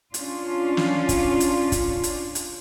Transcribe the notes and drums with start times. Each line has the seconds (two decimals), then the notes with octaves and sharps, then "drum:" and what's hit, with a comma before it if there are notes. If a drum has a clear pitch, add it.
0.14 C#4 D4 F4, drum: hi-hat
0.77 drum: snare
1.09 drum: kick, hi-hat
1.40 drum: hi-hat
1.72 drum: kick, hi-hat
2.04 drum: hi-hat
2.35 drum: hi-hat